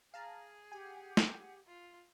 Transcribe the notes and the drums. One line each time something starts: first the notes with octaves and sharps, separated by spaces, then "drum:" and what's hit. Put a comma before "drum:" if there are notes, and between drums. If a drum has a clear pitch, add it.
G#4 F5 A5 A#5
G4 F#5 G#5
drum: snare
F4